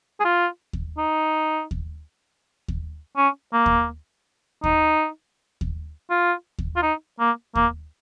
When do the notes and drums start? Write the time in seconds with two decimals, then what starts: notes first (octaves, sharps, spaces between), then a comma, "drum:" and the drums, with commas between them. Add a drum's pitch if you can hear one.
0.20 G#4
0.24 F4
0.73 drum: kick D#2
0.98 D#4
1.71 drum: kick D#2
2.68 drum: kick D#2
3.17 C#4
3.53 A#3
3.66 drum: kick D#2
4.64 D#4, drum: kick D#2
5.61 drum: kick D#2
6.10 F4
6.58 drum: kick D#2
6.76 F4
6.82 D#4
7.20 A#3
7.55 A#3, drum: kick D#2